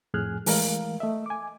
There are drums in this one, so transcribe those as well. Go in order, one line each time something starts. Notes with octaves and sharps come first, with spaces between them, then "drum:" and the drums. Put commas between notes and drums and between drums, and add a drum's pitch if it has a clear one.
F2 A2 G#4 G#5 F6 F#6
E3 G#3 A3 A#4 F5, drum: open hi-hat
A3 D#5 E5
G#5 D6